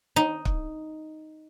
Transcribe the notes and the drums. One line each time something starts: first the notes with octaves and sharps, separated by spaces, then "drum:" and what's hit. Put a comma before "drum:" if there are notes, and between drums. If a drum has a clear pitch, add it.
D#4
drum: kick